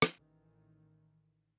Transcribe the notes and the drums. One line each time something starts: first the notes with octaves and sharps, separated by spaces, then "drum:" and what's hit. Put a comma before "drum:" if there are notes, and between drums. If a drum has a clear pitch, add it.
drum: rim click
A1 D#3 E3